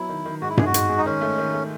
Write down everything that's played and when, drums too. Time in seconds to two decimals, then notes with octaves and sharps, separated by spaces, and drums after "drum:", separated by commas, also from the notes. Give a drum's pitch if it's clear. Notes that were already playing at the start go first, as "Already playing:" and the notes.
Already playing: F#3 B3 E4
0.09 D#3
0.26 D#3
0.41 G#2 F#4
0.49 E4
0.57 G#2 G#4, drum: tom G2
0.65 F#4
0.74 G#2, drum: hi-hat
0.89 G#3
0.97 D#4
1.06 D#3 C#4
1.21 A3
1.38 D#3
1.54 A3